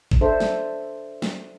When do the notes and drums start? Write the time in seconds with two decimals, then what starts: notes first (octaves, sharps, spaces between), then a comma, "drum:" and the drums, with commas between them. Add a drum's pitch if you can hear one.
0.11 drum: kick G#1
0.21 D4 A4 C5 E5
0.40 drum: snare
1.22 drum: snare